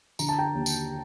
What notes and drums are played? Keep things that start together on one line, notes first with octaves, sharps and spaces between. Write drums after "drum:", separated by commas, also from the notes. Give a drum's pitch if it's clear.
D3 A#5, drum: tambourine
A5
G5 A#5
D#2
drum: tambourine